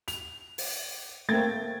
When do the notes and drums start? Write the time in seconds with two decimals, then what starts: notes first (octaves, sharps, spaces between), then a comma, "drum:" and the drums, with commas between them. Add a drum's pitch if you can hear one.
0.08 F7, drum: hi-hat
0.58 drum: open hi-hat
1.29 A3 A#3 C4 G5 G#6 A6